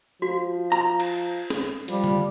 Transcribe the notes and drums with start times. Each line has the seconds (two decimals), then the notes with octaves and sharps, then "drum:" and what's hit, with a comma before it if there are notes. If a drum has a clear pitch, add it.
0.22 F3 F#4
0.72 A#5
1.00 drum: cymbal
1.50 drum: snare
1.88 F3 G3, drum: hi-hat
2.04 drum: tom D3